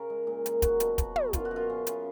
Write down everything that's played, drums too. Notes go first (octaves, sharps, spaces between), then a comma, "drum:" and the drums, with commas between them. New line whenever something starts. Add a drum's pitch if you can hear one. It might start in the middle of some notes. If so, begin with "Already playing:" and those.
Already playing: C#3 A#4
G#3
A#2
A#2, drum: hi-hat
F#3 F#4, drum: kick, hi-hat
B2, drum: hi-hat
B2, drum: kick, hi-hat
B2, drum: tom
F#2 F4, drum: kick, hi-hat
F#4
F#2
F4
C#3
C#3, drum: hi-hat